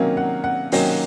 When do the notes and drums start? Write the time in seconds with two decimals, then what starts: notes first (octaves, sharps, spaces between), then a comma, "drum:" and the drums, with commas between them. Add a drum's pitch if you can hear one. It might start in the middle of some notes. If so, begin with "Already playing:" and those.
Already playing: C3 D#3 F#3 A#3 C#4 F5
0.17 F#5
0.44 F#5
0.72 C3 D#3 F#3 A#3 C#4 G5, drum: open hi-hat